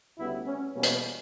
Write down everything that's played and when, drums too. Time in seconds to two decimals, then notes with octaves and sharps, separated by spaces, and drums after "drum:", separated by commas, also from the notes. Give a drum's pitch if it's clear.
0.17 D2 C#3 G3 B3 E4
0.46 C#4
0.74 E2 B2 G3 A#3 C#4
0.83 drum: hi-hat